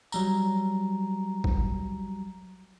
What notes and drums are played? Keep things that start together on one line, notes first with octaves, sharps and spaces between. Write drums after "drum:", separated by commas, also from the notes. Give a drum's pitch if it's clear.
F#3 G3 A#5, drum: tambourine
drum: kick A1